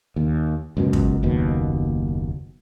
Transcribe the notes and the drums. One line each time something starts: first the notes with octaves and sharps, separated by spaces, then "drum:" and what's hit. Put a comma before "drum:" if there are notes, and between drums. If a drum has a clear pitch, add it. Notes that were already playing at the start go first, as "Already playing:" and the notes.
D#2
C#2 F#2 B2
drum: kick
F#1 D#2 B2